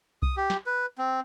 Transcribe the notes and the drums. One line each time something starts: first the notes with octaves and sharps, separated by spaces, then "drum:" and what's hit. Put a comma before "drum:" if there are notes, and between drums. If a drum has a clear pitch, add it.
D#6, drum: kick C2
G4
drum: snare
B4
C4